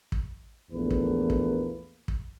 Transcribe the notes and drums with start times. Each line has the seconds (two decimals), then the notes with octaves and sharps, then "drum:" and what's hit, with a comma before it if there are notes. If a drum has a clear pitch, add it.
0.12 drum: kick
0.71 A#1 E2 A3 A#3 B4
0.90 drum: kick
1.30 drum: kick
2.08 drum: kick